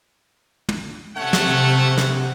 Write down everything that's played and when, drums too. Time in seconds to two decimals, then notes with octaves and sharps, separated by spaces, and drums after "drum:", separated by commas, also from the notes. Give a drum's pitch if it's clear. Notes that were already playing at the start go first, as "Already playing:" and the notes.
0.69 drum: tom
1.17 C3 A3 C#4 F#5
1.33 drum: snare
1.98 drum: snare